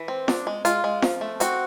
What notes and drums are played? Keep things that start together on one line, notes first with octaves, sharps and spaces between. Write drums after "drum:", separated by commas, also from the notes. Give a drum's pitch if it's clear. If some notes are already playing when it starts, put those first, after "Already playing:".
Already playing: E3
C4
D4, drum: snare
G#3
G#3 F4, drum: hi-hat
G#3
F3, drum: snare
A3
C4 F#4, drum: hi-hat